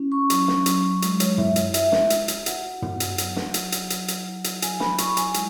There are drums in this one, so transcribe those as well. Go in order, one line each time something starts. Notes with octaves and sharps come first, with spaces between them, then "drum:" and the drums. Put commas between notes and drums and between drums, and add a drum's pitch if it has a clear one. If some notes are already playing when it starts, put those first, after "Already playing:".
Already playing: C#4 E4
C#6
F#3, drum: hi-hat
drum: snare
F#3, drum: hi-hat
G#3, drum: hi-hat
C#5, drum: hi-hat
E4 E5, drum: tom
C#5, drum: hi-hat
G#3 E5, drum: hi-hat
drum: snare
E4, drum: hi-hat
drum: hi-hat
F#4 F#5, drum: hi-hat
B3, drum: tom
drum: hi-hat
F#3, drum: hi-hat
drum: snare
F#3, drum: hi-hat
drum: hi-hat
F#3, drum: hi-hat
drum: hi-hat
E4
drum: hi-hat
F#3 G#5, drum: hi-hat
B5, drum: snare
E4 C#6, drum: hi-hat
G#5, drum: hi-hat
G#3, drum: hi-hat